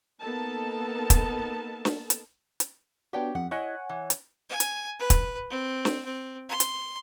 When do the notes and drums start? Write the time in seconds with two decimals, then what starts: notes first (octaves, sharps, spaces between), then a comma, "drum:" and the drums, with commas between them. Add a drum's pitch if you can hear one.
0.20 A#3 B3 D#4 A4 A5
1.10 drum: kick, hi-hat
1.85 drum: snare
2.10 drum: hi-hat
2.60 drum: hi-hat
3.13 B3 D4 F#4 G4 C#5 G5
3.35 F2 F#5
3.51 E4 C#5 D#5 F#5 G#5
3.89 E3
4.10 drum: hi-hat
4.49 G#5
4.60 drum: hi-hat
4.99 B4
5.10 drum: kick, hi-hat
5.50 C4
5.85 drum: snare
6.05 C4
6.49 C6
6.60 drum: hi-hat